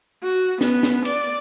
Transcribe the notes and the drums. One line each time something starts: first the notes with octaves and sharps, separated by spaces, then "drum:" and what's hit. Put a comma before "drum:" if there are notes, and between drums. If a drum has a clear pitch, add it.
F#4
B3, drum: snare
drum: snare
D5, drum: cymbal